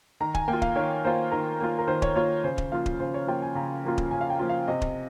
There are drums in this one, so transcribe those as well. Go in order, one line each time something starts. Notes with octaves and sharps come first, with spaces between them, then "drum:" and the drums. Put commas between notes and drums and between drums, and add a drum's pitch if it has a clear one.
D#3 A#5
G#5, drum: kick D#1
A#3 G5
F4
F5, drum: kick D#1
D#3 C#5
A#3 F4 C5
D#3 A#4
A#3 F4
A#4
D#3 C5
C#5, drum: kick D#1
A#3 F4 C#5
C#3 C5
drum: kick D#1
F3 A#3 F4 F5
drum: kick D#1
C#3 C5
C#5
F3 A#3 F4 G5
G#5
C#3 A#5
F3 A#3 F4
drum: kick D#1
C#3 G#5
F5
G5
F3 A#3 F4
F5
C3 D#5
drum: kick D#1